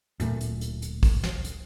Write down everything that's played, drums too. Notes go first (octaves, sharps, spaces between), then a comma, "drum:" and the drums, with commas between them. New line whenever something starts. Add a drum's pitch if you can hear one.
D1 A#2 A3, drum: hi-hat
drum: hi-hat
drum: hi-hat
drum: hi-hat
drum: kick, open hi-hat
drum: snare
drum: hi-hat